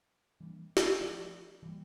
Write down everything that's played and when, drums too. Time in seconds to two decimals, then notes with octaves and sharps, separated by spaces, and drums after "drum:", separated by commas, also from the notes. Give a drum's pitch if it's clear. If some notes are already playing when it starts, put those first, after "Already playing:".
0.40 E3 G3 A#3 D4
0.77 drum: snare
1.01 F3 A3 C#4
1.63 E3 G3 A#3